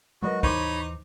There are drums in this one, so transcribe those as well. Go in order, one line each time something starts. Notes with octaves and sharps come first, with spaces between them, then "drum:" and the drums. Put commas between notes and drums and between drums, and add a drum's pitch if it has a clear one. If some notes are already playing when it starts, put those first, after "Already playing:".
F#3 G#3 F#4 A#4 B4 D#5
D#2 E3 D#4 C5 C#5 B5 D6, drum: kick B1